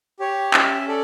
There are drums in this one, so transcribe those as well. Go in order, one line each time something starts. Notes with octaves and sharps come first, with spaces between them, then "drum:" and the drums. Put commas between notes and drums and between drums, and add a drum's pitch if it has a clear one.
G4 C#5
C#4 E5, drum: clap
A4 D5